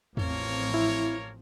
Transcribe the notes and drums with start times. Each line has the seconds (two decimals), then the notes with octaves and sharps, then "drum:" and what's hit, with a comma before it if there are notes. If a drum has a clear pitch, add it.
0.17 A1 F3 A#3 C4 A#4 C#5, drum: tom E2
0.74 E4